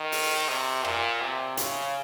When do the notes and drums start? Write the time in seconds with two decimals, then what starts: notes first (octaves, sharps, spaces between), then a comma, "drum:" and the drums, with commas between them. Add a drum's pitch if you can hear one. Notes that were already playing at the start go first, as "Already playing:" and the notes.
Already playing: D#3
0.12 drum: open hi-hat
0.49 C3
0.85 A#2, drum: rim click
1.21 C3
1.57 C#3, drum: hi-hat